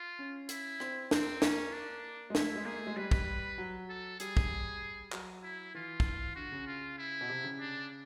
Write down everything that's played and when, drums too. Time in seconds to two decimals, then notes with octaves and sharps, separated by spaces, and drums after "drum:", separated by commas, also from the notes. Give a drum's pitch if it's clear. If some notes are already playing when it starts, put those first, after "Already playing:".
Already playing: F4
0.19 C#4
0.49 E4, drum: hi-hat
0.80 C4, drum: rim click
1.11 A#3 C4, drum: snare
1.42 A#3 C#4, drum: snare
1.73 D4
2.30 G#3
2.35 A3 E4, drum: snare
2.45 A3
2.55 G#3
2.65 A#3 G#4
2.76 A3
2.87 G#3
2.96 G3 B4
3.11 drum: kick
3.58 F#3
3.89 A4
4.20 G3 G#4, drum: hi-hat
4.37 drum: kick
5.12 F#3, drum: clap
5.43 E4
5.74 E3 F4
6.00 drum: kick
6.36 D3 F#4
6.52 C#3
6.67 F4
6.98 E4
7.21 B2
7.29 C3
7.44 C#3
7.60 D4